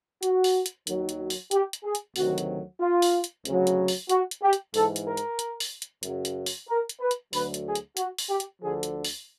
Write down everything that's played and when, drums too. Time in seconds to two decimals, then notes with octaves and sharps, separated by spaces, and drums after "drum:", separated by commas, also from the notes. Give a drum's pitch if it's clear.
0.23 F#4, drum: hi-hat
0.44 drum: open hi-hat
0.66 drum: hi-hat
0.87 D#2 D#3 F#3, drum: hi-hat
1.09 drum: hi-hat
1.30 drum: open hi-hat
1.51 G4, drum: hi-hat
1.73 drum: hi-hat
1.83 G#4
1.95 drum: hi-hat
2.16 D2 C3 D#3 F#3 F#4, drum: open hi-hat
2.38 drum: hi-hat
2.81 F4
3.02 drum: open hi-hat
3.24 drum: hi-hat
3.45 D2 C#3 F#3, drum: hi-hat
3.67 drum: hi-hat
3.88 drum: open hi-hat
4.09 F#4, drum: hi-hat
4.31 drum: hi-hat
4.43 G4
4.53 drum: hi-hat
4.74 G#2 E3 A4, drum: open hi-hat
4.96 drum: hi-hat
5.06 A#4
5.17 drum: hi-hat
5.39 drum: hi-hat
5.60 drum: open hi-hat
5.82 drum: hi-hat
6.03 F#2 C#3 F#3, drum: hi-hat
6.25 drum: hi-hat
6.46 drum: open hi-hat
6.69 A#4
6.89 drum: hi-hat
7.00 B4
7.11 drum: hi-hat
7.33 D2 D3 F#3 B4, drum: open hi-hat
7.54 drum: hi-hat
7.65 G#4
7.75 drum: hi-hat
7.97 F#4, drum: hi-hat
8.18 drum: open hi-hat
8.30 G4
8.40 drum: hi-hat
8.62 D2 D3 F3 G#4
8.83 drum: hi-hat
9.05 drum: open hi-hat